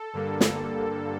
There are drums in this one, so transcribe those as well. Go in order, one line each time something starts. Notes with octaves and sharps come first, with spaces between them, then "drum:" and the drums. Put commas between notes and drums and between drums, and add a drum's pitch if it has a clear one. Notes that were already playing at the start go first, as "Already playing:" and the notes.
Already playing: A4
G2 D3 G3 A#3
drum: snare